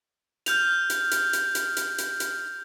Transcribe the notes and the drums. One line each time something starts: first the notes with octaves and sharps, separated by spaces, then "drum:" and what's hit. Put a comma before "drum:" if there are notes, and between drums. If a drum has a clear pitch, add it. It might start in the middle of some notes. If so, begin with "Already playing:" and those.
F6 G6 F7, drum: hi-hat
drum: hi-hat
drum: hi-hat
drum: hi-hat
drum: hi-hat
drum: hi-hat
drum: hi-hat
drum: hi-hat